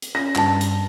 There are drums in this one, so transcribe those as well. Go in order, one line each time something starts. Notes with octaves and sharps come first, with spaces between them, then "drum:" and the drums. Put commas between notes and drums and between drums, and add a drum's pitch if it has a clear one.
drum: hi-hat
C#4 A#6
G2 A5, drum: clap
drum: hi-hat